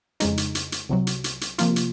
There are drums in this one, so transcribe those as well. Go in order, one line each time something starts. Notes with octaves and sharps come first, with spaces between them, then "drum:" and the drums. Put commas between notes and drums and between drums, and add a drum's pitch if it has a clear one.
F2 C#3 G#3 D#4, drum: hi-hat
drum: hi-hat
drum: hi-hat
drum: hi-hat
C2 C3 F#3
drum: hi-hat
drum: hi-hat
drum: hi-hat
C3 F3 A#3 F4, drum: hi-hat
drum: hi-hat